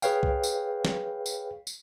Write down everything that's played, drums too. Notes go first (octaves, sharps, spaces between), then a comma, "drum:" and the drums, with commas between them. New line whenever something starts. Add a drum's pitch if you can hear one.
G#4 B4 C#5 F5 G5, drum: tambourine
drum: kick B1
drum: tambourine
drum: snare
drum: tambourine
drum: tambourine